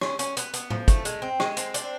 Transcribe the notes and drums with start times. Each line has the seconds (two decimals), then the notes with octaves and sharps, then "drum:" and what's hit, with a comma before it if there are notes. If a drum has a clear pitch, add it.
0.01 C#4, drum: rim click
0.19 C#4, drum: hi-hat
0.37 B3, drum: hi-hat
0.54 B3, drum: hi-hat
0.70 F3, drum: tom A2
0.88 A3, drum: kick, hi-hat
1.05 G#3, drum: hi-hat
1.22 C4
1.40 G#3, drum: rim click
1.57 C4, drum: hi-hat
1.74 D4, drum: hi-hat